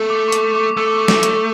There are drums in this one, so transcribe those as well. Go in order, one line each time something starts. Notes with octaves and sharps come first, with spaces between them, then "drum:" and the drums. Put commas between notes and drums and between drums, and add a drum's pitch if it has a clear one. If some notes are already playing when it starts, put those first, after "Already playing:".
Already playing: A3
D6
C#6
D6, drum: hi-hat
D6
A3 E6
D6
C#6
D6, drum: snare
E6, drum: hi-hat